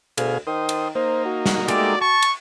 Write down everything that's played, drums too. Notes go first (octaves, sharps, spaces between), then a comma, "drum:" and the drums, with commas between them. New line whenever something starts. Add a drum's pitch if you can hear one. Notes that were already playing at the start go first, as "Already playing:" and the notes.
D2 B2 G#4 F5, drum: cymbal
D#3 C5 D#6
drum: cymbal
A#3 D#4 C5
F#4
drum: snare
G#3 A3 G4 D5, drum: cymbal
A5 C#6
drum: cymbal